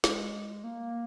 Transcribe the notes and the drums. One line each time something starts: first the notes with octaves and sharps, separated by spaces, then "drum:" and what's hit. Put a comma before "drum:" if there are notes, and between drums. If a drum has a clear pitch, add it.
G#3, drum: snare
A#3